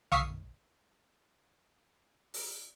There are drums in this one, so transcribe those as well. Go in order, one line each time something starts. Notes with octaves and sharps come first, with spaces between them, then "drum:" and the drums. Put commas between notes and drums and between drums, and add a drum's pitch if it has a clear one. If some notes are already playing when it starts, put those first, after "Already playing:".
F5 C#6 D#6 E6 B6 C7, drum: tom A#1
drum: open hi-hat